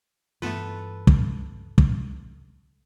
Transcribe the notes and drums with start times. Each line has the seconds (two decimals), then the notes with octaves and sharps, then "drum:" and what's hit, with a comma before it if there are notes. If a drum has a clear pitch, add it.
0.42 G2 E3 A3 B3 F4 A4 B4
1.07 drum: kick
1.78 drum: kick